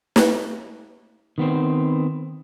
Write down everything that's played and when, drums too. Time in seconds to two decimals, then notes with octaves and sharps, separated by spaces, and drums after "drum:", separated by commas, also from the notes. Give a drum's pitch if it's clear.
0.16 drum: snare
1.38 D#3 B3 C4